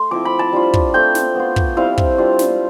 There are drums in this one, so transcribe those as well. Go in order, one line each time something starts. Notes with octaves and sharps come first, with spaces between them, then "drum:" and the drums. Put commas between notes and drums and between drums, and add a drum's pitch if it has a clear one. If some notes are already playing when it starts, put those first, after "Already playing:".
Already playing: A3 C6
F3 C4 E4 D6
B5
A5
G3 D4 F4
drum: kick
A3 C4 F4 G5
drum: snare
B3 F4
drum: kick
G3 C4 E4 F5
drum: kick
G3 D4 F4
drum: snare